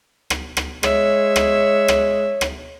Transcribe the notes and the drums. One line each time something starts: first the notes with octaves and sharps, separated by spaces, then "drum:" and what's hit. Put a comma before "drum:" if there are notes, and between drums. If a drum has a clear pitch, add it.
drum: rim click
drum: rim click
G#3 C#5 E5, drum: rim click
drum: rim click
drum: rim click
drum: rim click